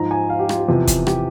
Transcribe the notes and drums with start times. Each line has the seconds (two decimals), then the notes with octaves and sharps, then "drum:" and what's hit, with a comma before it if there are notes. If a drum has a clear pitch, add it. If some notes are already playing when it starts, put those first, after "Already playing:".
Already playing: G#2 F3 A#5
0.11 G#5
0.30 F5
0.39 G4
0.49 F4, drum: rim click
0.59 G4
0.68 E2 C3 F3
0.87 drum: kick, hi-hat
1.07 G4, drum: rim click